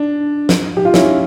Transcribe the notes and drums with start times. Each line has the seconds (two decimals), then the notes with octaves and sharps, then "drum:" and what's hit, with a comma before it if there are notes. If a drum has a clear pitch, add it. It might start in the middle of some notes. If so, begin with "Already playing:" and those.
Already playing: D4
0.49 drum: snare
0.77 G4
0.85 F4
0.94 C#4 E4, drum: snare